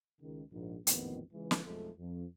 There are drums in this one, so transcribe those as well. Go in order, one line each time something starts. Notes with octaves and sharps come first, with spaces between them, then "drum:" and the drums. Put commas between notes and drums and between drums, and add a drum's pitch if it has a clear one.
C#2 D#3
A#1 G#2
A1 F2 A#2 D#3 B3, drum: hi-hat
C#2 E3
drum: snare
B1 F2 F3 G#3 A3 A4
F2